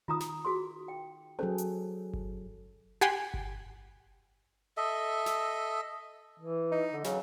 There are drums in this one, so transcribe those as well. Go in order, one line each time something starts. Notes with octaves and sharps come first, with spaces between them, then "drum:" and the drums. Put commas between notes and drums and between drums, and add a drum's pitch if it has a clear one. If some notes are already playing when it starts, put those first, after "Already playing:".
D#3 F4 A#5 D#6
drum: snare
F#4 G#4 C6
G5
F#3 C#4 G#4 A4 C5 A5
drum: hi-hat
drum: kick G1
G4 F#5 G#5 B5 C6
drum: kick G1
A4 D#5 E5
drum: snare
E3
D#4
D3
C#3 F#3, drum: snare